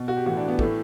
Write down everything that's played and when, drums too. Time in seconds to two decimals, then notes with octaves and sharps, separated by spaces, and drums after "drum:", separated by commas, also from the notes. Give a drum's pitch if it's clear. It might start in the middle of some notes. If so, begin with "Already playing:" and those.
Already playing: B2
0.08 F#4
0.17 G4
0.26 A2 E3 F#4
0.37 D4
0.48 B3
0.59 A2 E3 A3, drum: kick